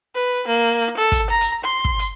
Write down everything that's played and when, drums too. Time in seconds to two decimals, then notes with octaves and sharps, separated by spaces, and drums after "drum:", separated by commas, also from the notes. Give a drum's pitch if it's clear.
0.15 B4
0.48 A#3
0.97 A4
1.12 drum: kick, hi-hat
1.30 A#5
1.41 drum: hi-hat
1.64 C6
1.85 drum: kick
1.99 drum: hi-hat